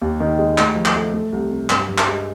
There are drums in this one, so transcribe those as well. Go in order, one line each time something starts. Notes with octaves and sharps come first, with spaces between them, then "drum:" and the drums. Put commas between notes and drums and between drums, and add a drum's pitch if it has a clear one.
D#2
D#3
G#3
A2, drum: clap
F3
drum: clap
A3
A3
C2
C3
G2, drum: clap
G2
drum: clap
G#3